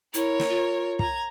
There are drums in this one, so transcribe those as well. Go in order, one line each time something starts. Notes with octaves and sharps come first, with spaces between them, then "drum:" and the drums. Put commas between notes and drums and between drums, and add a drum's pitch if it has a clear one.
E4 A#4 C#5, drum: hi-hat
drum: snare
F4
A#5 G#6, drum: kick